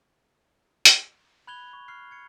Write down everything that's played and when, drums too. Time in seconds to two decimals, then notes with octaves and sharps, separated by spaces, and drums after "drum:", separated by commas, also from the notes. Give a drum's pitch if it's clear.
0.85 drum: hi-hat
1.47 B5 F#6 G#6 F7 G7
1.73 C#6
1.88 C#6 F6 F#6 C7
2.11 G#6 C#7